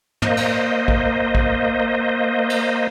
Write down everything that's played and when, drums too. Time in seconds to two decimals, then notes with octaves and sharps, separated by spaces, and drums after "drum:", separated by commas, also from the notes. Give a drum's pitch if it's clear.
0.22 A#3 C5 D#5, drum: tom
0.37 drum: cymbal
0.88 drum: kick A1
1.35 drum: kick A1
2.50 drum: cymbal